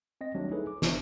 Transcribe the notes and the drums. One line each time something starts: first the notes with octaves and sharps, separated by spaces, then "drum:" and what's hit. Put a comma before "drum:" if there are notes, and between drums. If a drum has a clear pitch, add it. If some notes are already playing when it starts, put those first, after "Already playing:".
C4 D#5 A#6
D#3 F#3 G3 A3 C4 D4
D#4 E4 G#4 A4 B4 C#5
D6
G#1 D4 E4 B4 C5, drum: snare